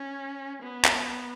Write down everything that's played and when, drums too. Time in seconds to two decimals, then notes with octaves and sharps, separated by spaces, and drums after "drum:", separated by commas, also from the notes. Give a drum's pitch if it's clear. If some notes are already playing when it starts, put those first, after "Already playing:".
Already playing: C#4
0.62 B3
0.85 drum: clap